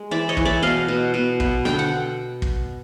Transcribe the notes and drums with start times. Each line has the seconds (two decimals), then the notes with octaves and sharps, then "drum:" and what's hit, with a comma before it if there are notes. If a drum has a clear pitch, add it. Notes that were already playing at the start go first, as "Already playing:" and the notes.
Already playing: G#3
0.11 E3 D5 E5
0.29 C#5 D#5
0.37 E3, drum: kick
0.45 D5 E5
0.62 B2 D#5 F5
0.88 B2
1.14 B2
1.40 B3, drum: kick
1.65 D3 G5, drum: snare
1.79 F#5
2.42 drum: kick